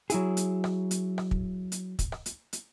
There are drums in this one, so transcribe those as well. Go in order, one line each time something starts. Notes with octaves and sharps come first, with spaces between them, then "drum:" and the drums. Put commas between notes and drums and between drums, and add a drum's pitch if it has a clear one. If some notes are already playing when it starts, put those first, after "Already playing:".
F#3 E4 G#4, drum: hi-hat
drum: hi-hat
drum: rim click
drum: hi-hat
drum: rim click
drum: kick
drum: hi-hat
drum: kick, hi-hat
drum: rim click
drum: hi-hat
drum: hi-hat